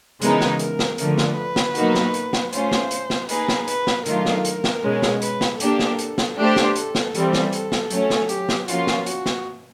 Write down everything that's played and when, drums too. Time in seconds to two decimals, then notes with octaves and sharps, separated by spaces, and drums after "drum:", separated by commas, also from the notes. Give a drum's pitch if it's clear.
0.22 C#3 E3 G#3 B3 D#4 A#4, drum: hi-hat
0.41 drum: snare
0.59 A#4, drum: hi-hat
0.79 drum: snare
0.98 D3 F3 A3 A#4, drum: hi-hat
1.18 drum: snare
1.37 B4
1.56 drum: snare
1.75 B2 F#3 A#3 D#4 F#4, drum: hi-hat
1.95 drum: snare
2.14 drum: hi-hat
2.33 drum: snare
2.53 A3 C#4 F4 C5, drum: hi-hat
2.72 drum: snare
2.91 drum: hi-hat
3.10 drum: snare
3.29 A#3 D#4 G#4 B4, drum: hi-hat
3.49 drum: snare
3.68 B4, drum: hi-hat
3.87 drum: snare
4.06 D#3 F#3 A3 D4 F4 A#4, drum: hi-hat
4.25 drum: snare
4.45 drum: hi-hat
4.64 drum: snare
4.83 B2 G#3 C#4
5.02 drum: snare
5.22 B4, drum: hi-hat
5.41 drum: snare
5.60 A#3 D4 G4 A4, drum: hi-hat
5.79 drum: snare
5.99 drum: hi-hat
6.18 drum: snare
6.37 A3 D4 G4 C5
6.56 drum: snare
6.76 A4, drum: hi-hat
6.95 drum: snare
7.15 E3 G3 C4, drum: hi-hat
7.33 drum: snare
7.53 A4, drum: hi-hat
7.72 drum: snare
7.90 F#3 A3 C#4, drum: hi-hat
8.10 drum: snare
8.29 G4, drum: hi-hat
8.49 drum: snare
8.68 F3 A#3 C#4 F4 F#4, drum: hi-hat
8.87 drum: snare
9.06 F#4, drum: hi-hat
9.26 drum: snare